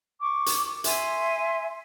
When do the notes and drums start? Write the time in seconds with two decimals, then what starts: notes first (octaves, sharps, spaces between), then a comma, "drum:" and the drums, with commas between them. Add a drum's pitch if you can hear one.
0.21 C#6 D6
0.46 drum: hi-hat
0.84 E5 G#5 C6, drum: hi-hat